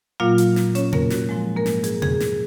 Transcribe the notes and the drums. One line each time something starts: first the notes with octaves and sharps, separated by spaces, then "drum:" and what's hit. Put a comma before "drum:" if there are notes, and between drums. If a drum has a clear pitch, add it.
A#2 F#3 A#3 F4 F5
drum: hi-hat
drum: snare
C#4 C#5, drum: hi-hat
A#3 A#4, drum: tom B2
F#4, drum: snare
G#2 F3 G#3
A#3 A#4
drum: snare
G#4, drum: hi-hat
G#4, drum: tom B2
drum: snare